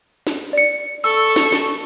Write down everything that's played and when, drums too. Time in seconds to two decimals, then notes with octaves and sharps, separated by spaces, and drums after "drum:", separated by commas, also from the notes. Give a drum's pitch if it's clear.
0.27 drum: snare
0.53 D5 C#7
1.04 A4 C#6 E6
1.36 drum: snare
1.52 drum: snare